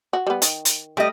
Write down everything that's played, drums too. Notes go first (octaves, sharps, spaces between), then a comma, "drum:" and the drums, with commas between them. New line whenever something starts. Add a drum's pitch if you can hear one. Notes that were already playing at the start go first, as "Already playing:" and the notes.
F#4
G3 B3
D#3, drum: hi-hat
drum: hi-hat
G3 A3 D#5